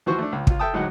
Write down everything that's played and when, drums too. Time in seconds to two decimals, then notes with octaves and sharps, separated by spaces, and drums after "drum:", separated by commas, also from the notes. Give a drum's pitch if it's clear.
0.06 D#2 E3 F3 F#4 C5 C#6
0.18 A3 D4
0.32 C#2
0.47 C#2 F4, drum: kick
0.59 A4 E5 G5 A5 D#6
0.73 D2 A2 F#3 G#3 D#4 F#5